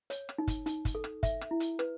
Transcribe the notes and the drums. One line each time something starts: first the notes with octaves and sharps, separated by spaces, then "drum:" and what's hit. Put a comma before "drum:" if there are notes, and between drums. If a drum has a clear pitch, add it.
C#5, drum: hi-hat
drum: rim click
D#4
drum: kick, hi-hat
D#4, drum: hi-hat
drum: kick, hi-hat
A4
drum: rim click
E5, drum: kick, hi-hat
drum: rim click
E4
drum: hi-hat
B4, drum: rim click